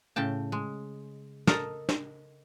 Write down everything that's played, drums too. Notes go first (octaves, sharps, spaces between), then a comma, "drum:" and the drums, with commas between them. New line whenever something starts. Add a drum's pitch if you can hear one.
A2 C#3 G5 A5
G#3
A4 A#4 D#5 A#5, drum: snare
drum: snare